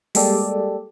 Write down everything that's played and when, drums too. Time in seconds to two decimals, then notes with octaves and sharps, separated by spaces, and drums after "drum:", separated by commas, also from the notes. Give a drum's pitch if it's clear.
0.15 G3 G#3 A#3 G4 A4 D5, drum: open hi-hat